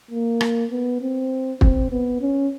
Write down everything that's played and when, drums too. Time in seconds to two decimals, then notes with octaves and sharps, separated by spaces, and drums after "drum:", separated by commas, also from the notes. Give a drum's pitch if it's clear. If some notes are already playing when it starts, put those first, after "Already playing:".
0.11 A#3
0.41 drum: rim click
0.71 B3
1.01 C4
1.61 C4, drum: kick
1.91 B3
2.21 C#4